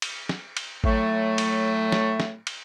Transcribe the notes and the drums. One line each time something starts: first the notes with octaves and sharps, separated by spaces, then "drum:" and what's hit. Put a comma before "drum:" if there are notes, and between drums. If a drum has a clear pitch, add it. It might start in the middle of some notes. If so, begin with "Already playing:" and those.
drum: cymbal
drum: snare
drum: cymbal
A2 F#3 A3, drum: kick G#1
drum: cymbal
drum: snare
drum: snare
drum: cymbal